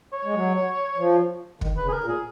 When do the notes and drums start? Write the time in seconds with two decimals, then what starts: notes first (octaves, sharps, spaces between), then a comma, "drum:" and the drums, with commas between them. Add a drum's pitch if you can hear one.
0.13 C#5
0.25 G#3
0.34 F#3
0.98 F3
1.61 D#3, drum: kick
1.77 B4
1.83 C#3
1.88 G#4
1.92 A#4
2.04 A#2
2.08 G#4